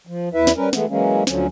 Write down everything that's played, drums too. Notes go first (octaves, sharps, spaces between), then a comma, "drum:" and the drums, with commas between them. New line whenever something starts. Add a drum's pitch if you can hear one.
F3
E2 E4 B4 E5
drum: snare
G3 C#4 A#4 B4
E3 G#3 A3 B3, drum: snare
E3 F#3 G#3 A#3 C#4
D2 D3 F3 F#3 C#4, drum: snare